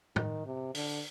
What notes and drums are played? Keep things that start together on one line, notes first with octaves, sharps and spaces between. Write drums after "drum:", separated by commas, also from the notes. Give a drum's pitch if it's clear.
D#3, drum: tom
C3
D3, drum: open hi-hat